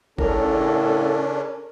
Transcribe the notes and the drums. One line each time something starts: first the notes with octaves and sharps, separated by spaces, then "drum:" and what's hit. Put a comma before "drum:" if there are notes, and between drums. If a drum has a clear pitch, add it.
A2 C#3 C#4 D4 A4 A#4, drum: kick G#1